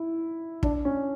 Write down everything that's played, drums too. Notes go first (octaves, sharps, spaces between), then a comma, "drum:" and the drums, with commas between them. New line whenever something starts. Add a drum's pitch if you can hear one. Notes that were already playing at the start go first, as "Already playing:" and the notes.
Already playing: E4
D4, drum: kick
C#4